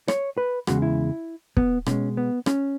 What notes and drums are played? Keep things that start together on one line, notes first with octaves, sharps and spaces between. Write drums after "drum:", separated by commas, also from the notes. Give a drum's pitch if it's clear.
C#5, drum: rim click
B4
E2 C#3 G#3 F#4, drum: rim click
E4
B3, drum: kick
B2 G#3 C#4, drum: rim click
B3
C#4, drum: rim click